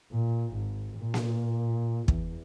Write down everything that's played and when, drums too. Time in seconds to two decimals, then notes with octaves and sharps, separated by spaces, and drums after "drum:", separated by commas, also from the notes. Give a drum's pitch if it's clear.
0.12 A#2
0.54 G#1
0.97 A#2
1.14 drum: snare A#3
2.08 E2, drum: kick